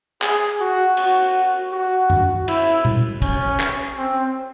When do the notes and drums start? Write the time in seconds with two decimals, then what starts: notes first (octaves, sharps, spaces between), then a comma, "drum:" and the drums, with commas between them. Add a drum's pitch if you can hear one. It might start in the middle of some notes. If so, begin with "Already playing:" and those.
0.22 G#4, drum: clap
0.60 F#4
0.97 F#4, drum: cymbal
1.72 F#4
2.10 drum: tom F#2
2.48 E4, drum: cymbal
2.85 drum: tom A#2
3.22 C#4, drum: kick, cymbal
3.60 drum: clap
3.97 C4